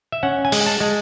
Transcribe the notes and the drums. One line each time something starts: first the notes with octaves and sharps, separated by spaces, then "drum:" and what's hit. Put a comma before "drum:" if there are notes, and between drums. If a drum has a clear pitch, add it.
E5
C#4 F#5
G#5
G#3, drum: open hi-hat
A5
G#3